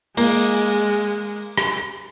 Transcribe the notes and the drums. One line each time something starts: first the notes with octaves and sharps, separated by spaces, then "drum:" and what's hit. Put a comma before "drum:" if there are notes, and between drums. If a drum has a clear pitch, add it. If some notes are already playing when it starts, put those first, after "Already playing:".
G#3 A#3, drum: open hi-hat
drum: rim click